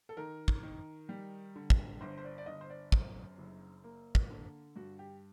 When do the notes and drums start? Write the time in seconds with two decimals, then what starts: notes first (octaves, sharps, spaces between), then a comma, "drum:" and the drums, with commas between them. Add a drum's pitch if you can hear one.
0.09 A4
0.17 D#3 A#4
0.48 drum: kick
0.63 D#3
1.09 G3
1.56 D3
1.70 drum: kick
2.01 G1 C5
2.18 C5
2.24 D5
2.38 D5
2.46 G1 D#5
2.61 C5
2.70 D5
2.92 F#2 C5, drum: kick
3.38 F#1
3.84 A#3
4.15 drum: kick
4.30 D3
4.76 G2 F#4
4.99 G4